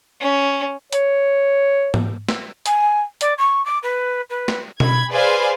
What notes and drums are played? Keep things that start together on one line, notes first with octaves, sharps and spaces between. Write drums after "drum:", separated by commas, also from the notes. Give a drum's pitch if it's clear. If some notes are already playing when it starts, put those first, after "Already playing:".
C#4
C#5, drum: hi-hat
drum: tom G#2
drum: snare
G#5, drum: hi-hat
D5, drum: hi-hat
C#6
D6
B4
B4
drum: snare
B5 G#6, drum: tom B2
G#4 B4 C5 D5 F5 G#5